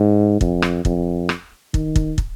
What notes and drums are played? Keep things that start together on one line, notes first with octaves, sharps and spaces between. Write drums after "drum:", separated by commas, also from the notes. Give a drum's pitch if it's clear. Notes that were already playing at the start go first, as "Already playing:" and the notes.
Already playing: G#2
F2, drum: kick
drum: rim click
F2, drum: kick
drum: rim click
D#3, drum: kick
drum: kick
drum: kick